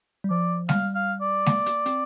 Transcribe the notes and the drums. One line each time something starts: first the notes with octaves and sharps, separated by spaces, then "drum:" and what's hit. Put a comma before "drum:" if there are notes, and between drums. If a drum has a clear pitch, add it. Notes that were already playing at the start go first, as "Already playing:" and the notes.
G3
F3 D5
G3 F5, drum: snare G#3
F5
D5
A#3, drum: snare G#3
drum: hi-hat
C4, drum: hi-hat